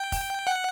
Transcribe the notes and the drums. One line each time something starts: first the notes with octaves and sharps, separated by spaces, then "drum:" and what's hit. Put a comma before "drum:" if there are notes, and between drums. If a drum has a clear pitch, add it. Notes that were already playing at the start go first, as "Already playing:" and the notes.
Already playing: G5
drum: kick, open hi-hat
F#5